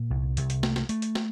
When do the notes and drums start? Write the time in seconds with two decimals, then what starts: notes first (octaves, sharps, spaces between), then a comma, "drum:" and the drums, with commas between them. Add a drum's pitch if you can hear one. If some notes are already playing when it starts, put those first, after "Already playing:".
Already playing: A#2
0.10 C2
0.37 C2, drum: hi-hat
0.50 drum: hi-hat
0.63 A3, drum: snare
0.76 drum: snare
0.89 A3, drum: hi-hat
1.02 drum: hi-hat
1.15 drum: snare